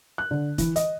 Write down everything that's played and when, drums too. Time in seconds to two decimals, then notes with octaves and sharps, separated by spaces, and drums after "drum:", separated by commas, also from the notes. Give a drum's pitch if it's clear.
0.18 F#6
0.31 D3
0.58 E3, drum: kick, hi-hat
0.76 D#5, drum: hi-hat